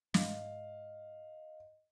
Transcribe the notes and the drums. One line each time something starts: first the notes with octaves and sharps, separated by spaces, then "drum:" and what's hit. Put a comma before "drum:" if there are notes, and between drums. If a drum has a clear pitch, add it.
G#2 D#5 F5, drum: snare